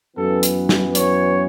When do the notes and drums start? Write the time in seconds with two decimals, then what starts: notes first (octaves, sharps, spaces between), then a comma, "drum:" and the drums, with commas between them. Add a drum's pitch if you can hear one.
0.16 F#2 E3 B3 A4
0.43 drum: hi-hat
0.69 drum: snare
0.95 C#5, drum: hi-hat